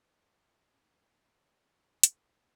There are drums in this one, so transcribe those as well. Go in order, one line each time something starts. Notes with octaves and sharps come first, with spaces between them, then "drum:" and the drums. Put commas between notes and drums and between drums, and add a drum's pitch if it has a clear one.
C5
A#4
F#4
F4
D#4
C#4
D#4
D#4
drum: hi-hat